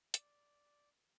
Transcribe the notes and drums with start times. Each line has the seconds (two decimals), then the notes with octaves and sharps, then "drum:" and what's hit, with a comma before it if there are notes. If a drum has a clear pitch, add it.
0.14 D5, drum: hi-hat